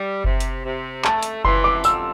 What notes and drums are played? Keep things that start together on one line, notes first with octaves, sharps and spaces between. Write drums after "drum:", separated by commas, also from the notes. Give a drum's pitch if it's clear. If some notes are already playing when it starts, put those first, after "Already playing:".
Already playing: G3
C3, drum: kick F#1
drum: hi-hat
C3
A3 A5, drum: clap
drum: hi-hat
E3 C6, drum: kick F#1
D6
F2 E6, drum: tambourine